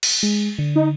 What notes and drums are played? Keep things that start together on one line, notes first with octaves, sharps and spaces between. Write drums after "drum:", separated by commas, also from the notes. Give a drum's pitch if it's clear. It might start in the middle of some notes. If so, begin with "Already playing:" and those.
drum: cymbal
G#3
D3
D#4